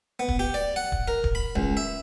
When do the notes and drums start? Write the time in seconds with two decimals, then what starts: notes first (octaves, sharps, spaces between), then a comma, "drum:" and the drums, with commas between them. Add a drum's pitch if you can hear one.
0.19 B3
0.29 drum: kick
0.39 G4
0.54 D5
0.76 F#5
0.92 drum: kick
1.08 A#4
1.24 drum: kick
1.35 B5
1.56 C#2, drum: kick
1.77 E5